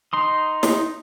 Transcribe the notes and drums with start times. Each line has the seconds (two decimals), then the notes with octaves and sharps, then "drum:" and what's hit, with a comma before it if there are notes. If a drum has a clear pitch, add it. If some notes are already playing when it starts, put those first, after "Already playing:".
0.13 D#4 C6 D#6
0.63 drum: snare